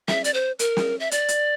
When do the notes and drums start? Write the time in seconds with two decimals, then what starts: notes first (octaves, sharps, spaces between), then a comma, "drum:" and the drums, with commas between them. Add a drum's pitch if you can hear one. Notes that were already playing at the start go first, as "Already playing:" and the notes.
0.08 E5, drum: snare
0.24 D5, drum: hi-hat
0.34 C5
0.59 A#4, drum: hi-hat
0.77 drum: snare
1.00 E5
1.11 D5, drum: hi-hat
1.28 drum: hi-hat